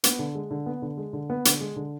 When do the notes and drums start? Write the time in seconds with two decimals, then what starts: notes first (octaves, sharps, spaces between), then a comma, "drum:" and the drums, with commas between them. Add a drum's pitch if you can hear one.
0.04 B3, drum: hi-hat
0.19 D3
0.35 G#3
0.51 D3
0.66 B3
0.82 D3
0.97 G#3
1.13 D3
1.30 B3
1.45 D3, drum: hi-hat
1.61 G#3
1.76 D3